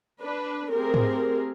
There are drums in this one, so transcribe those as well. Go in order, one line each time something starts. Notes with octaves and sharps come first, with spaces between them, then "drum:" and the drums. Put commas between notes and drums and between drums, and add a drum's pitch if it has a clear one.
D4 B4
A3 C4 G4 G#4 A#4
drum: tom G#2